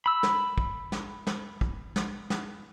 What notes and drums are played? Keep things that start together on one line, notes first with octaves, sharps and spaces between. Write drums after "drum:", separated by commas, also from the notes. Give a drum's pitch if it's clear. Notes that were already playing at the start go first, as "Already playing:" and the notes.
B5 E6
drum: snare
drum: kick
drum: snare
drum: snare
drum: kick
drum: snare
drum: snare